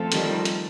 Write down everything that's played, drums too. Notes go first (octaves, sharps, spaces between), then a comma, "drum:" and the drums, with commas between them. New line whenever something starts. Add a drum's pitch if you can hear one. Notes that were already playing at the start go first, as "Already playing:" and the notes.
Already playing: F3 A3 C4 F4 A4
D#3 G3, drum: hi-hat
drum: hi-hat